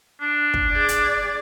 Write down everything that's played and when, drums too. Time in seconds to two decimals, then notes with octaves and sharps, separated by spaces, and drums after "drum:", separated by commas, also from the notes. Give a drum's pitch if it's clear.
0.21 D4
0.54 drum: kick
0.72 G#4 D5
0.88 drum: hi-hat